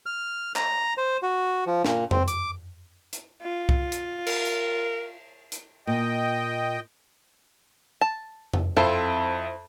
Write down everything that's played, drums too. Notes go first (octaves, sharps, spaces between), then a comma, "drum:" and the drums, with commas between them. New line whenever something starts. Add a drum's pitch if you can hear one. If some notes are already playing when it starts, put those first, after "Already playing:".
F6
A#5, drum: clap
C5
F#4
F3
A#2, drum: snare
C4, drum: tom F2
D6, drum: hi-hat
drum: hi-hat
F4
drum: kick C2
drum: hi-hat
A#4, drum: cymbal
drum: tambourine
drum: hi-hat
A#2 D#5 G5
A5
drum: tom F2
F2 C4 E4 F4 A4 E5